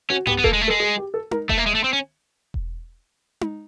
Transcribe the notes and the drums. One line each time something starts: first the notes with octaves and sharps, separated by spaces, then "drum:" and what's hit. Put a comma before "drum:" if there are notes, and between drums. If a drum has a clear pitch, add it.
C#4 F#4
B3 G4, drum: tom G2
B3
A#3 A4, drum: kick E1
G#3
A3
A4
G#3
G#4
G4
A4
A#4, drum: tom D#4
A3 E5, drum: kick E1
A#3
G#3
A3
C4
C#4
drum: kick E1
drum: tom D#4